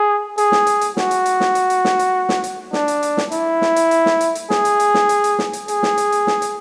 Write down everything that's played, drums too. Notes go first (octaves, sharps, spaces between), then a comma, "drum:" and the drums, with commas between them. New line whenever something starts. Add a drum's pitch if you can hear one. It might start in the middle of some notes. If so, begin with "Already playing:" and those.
Already playing: G#4
G#4, drum: hi-hat
drum: snare
drum: hi-hat
drum: hi-hat
F#4, drum: snare
drum: hi-hat
drum: hi-hat
drum: snare
drum: hi-hat
drum: hi-hat
drum: snare
drum: hi-hat
drum: snare
drum: hi-hat
D4, drum: snare
drum: hi-hat
drum: hi-hat
drum: snare
E4, drum: hi-hat
drum: snare
drum: hi-hat
drum: hi-hat
drum: snare
drum: hi-hat
drum: hi-hat
G#4, drum: snare
drum: hi-hat
drum: hi-hat
drum: snare
drum: hi-hat
drum: hi-hat
drum: snare
drum: hi-hat
G#4, drum: hi-hat
drum: snare
drum: hi-hat
drum: hi-hat
drum: snare
drum: hi-hat